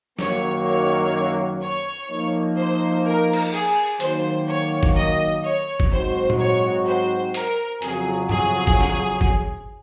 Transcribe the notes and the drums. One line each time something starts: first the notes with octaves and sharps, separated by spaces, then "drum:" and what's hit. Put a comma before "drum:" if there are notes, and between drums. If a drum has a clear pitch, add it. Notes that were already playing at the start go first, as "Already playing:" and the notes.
F#2 D#3 F#3 A#3 C#5, drum: snare
C#5
C#5
F3 A#3 D#4
C5
A#4
drum: cymbal
G#4
D#3 F#3 A#3 C5, drum: hi-hat
C#5
drum: kick G1
D#5
C#5
drum: kick G1
G#2 F#3 C4 D#4 F#4 C5
drum: tom A#2
C#5
C5
A#4, drum: hi-hat
F2 C#3 F#3 G#4, drum: hi-hat
G#4, drum: tom G2
drum: kick G1
drum: snare
drum: kick G1